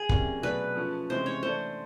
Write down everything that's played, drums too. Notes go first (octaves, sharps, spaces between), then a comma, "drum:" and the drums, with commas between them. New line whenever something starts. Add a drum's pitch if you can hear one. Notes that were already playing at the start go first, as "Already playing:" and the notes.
Already playing: G#4
C3 E3 G3 A#3 C#4, drum: kick
B2 F#3 A3 D4 B4
F3 A3 C#4
C3 E3 G#3 C#4 C5
C#5
E3 A3 D4 C5